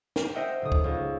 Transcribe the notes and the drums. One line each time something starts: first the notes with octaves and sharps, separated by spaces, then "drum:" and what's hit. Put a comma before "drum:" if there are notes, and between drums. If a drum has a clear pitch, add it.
G4, drum: snare
A#4 C5 D#5 E5 F#5 G5
D#1 D3 D#6
drum: kick
C#2